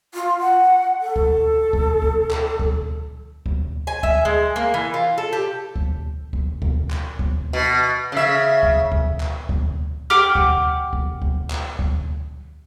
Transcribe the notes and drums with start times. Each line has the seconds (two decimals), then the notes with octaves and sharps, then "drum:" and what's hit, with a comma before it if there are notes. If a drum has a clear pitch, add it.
0.14 F4
0.40 F#5
1.01 A4
1.16 drum: kick D2
1.73 drum: kick D2
2.02 drum: kick D2
2.31 drum: clap
2.59 drum: kick D2
3.46 drum: kick D2
3.87 G#5
4.03 E5, drum: kick D2
4.25 G#3
4.56 A#3
4.74 E3
4.94 F4
5.18 A4
5.33 G4
5.76 drum: kick D2
6.33 drum: kick D2
6.62 drum: kick D2
6.91 drum: clap
7.19 drum: kick D2
7.53 B2
8.12 C#3 E5
8.63 drum: kick D2
8.92 drum: kick D2
9.20 drum: clap
9.49 drum: kick D2
10.10 G4 F#5 D6 F6
10.35 drum: kick D2
10.93 drum: kick D2
11.22 drum: kick D2
11.50 drum: clap
11.79 drum: kick D2